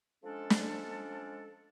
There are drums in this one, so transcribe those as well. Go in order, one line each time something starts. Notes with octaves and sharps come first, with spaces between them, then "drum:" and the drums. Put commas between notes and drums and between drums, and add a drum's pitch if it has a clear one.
F3 G#3 C#4 D4 A4
drum: snare